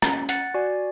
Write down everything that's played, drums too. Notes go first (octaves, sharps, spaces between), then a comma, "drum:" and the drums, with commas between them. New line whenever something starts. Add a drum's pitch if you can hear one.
C#4, drum: rim click
F#5 F#6 A6 C#7, drum: hi-hat
F#4 D5 G#5